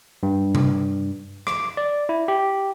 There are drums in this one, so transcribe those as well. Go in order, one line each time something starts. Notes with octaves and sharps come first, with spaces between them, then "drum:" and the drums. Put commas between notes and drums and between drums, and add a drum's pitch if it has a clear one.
G2
drum: tom C3
D6, drum: rim click
D5
E4
G4